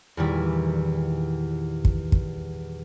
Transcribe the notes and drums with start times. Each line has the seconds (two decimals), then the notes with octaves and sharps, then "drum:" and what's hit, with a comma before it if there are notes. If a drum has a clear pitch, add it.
0.17 E2 A#2 D#3 G3 E4
1.85 drum: kick
2.12 drum: kick